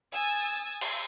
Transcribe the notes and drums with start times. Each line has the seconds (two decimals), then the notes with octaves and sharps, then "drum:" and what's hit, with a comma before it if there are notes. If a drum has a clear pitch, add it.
0.14 G#5 D#6 E6 A6
0.81 drum: cymbal